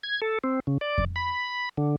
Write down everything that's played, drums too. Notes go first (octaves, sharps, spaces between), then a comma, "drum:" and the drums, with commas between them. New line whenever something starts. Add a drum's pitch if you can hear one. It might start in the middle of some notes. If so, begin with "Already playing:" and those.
G#6
A4
C4
C#3
D5
drum: kick F2
B5
D3